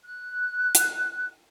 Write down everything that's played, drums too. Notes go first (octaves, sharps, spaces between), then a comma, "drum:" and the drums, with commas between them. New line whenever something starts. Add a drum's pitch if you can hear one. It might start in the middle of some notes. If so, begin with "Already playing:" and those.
F#6
drum: hi-hat